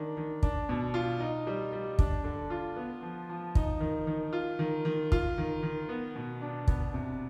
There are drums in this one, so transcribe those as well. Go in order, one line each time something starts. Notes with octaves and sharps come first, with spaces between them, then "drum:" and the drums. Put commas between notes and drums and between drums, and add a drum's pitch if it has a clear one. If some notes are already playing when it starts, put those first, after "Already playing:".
Already playing: D#3 D4
D#3
D4, drum: kick
B2
F4
D#4
G3
G3
D4, drum: kick
D3
F4
B3
F3
F3
D#4, drum: kick
D#3
D#3
F4
D#3
D#3
F4, drum: kick
D#3
D#3
B3
B2
D4
B3, drum: kick
C3